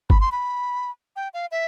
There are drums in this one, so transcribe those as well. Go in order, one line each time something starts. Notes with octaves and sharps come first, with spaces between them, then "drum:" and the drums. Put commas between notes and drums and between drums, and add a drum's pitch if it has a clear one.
B5, drum: kick G1
C6
B5
G5
F5
E5